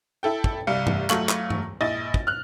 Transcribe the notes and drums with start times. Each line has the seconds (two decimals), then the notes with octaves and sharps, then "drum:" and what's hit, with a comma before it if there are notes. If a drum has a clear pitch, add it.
0.23 E4 A4 G5
0.44 drum: kick
0.67 C2 G3 F5 C#7
0.87 drum: tom G2
1.10 F#3 A3 F4 C#6 F#7, drum: clap
1.29 drum: clap
1.50 drum: tom G2
1.81 A#1 E4 D#5 A6
2.14 drum: kick
2.27 F6 F#6